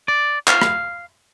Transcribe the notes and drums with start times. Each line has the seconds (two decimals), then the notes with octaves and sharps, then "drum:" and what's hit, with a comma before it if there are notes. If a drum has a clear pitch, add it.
0.08 D5
0.48 F5, drum: clap
0.62 drum: rim click